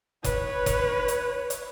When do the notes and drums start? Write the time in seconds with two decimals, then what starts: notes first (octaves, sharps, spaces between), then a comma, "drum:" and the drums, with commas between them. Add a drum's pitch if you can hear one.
0.24 B4 C#5, drum: kick F#1, hi-hat
0.66 drum: kick F#1, hi-hat
1.08 drum: hi-hat
1.50 drum: hi-hat